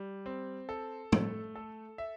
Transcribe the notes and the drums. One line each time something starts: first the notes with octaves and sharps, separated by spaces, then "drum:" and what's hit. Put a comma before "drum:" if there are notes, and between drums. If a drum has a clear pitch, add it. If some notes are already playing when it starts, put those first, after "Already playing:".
Already playing: G3
C4
A4
A3, drum: tom
A4
E5